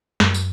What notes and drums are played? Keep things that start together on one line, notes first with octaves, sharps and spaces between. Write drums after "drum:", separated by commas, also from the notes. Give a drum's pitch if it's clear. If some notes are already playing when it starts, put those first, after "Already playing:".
F#2, drum: snare
drum: tambourine